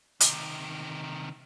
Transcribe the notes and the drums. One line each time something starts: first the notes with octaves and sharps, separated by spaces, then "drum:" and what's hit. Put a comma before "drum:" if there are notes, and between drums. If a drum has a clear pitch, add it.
C3 D#3, drum: hi-hat